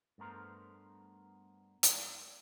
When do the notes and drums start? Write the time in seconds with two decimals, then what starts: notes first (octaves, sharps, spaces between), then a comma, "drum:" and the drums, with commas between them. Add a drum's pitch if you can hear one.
0.18 G2 A3 B3 A#4 C5
1.83 drum: hi-hat